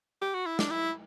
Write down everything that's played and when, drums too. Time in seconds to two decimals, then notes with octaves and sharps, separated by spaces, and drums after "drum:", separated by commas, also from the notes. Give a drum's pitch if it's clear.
0.22 G4
0.34 F#4
0.46 E4
0.59 D4, drum: snare
0.70 E4